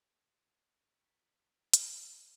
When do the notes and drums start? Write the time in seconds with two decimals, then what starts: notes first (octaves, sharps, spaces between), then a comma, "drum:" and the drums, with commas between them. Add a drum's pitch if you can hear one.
0.13 A#2 A3 F4 A5
0.50 B3 C4 D#4 C#5
0.99 G3 F4 G4 B4 A#5 C#6 B6
1.74 drum: hi-hat
1.86 C2 G#3